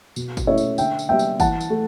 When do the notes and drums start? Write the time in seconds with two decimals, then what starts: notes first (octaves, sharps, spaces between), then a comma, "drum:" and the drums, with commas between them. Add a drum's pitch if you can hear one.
0.16 B2, drum: tambourine
0.37 drum: kick G1, tambourine
0.47 A3 C#4 E4 C#5 E5
0.58 drum: tambourine
0.78 D3 E5 G5, drum: tambourine
0.99 drum: tambourine
1.09 G3 B3 E5 G5
1.19 drum: tambourine
1.40 E3 F#5 A5, drum: kick G1, tambourine
1.60 drum: tambourine
1.70 A3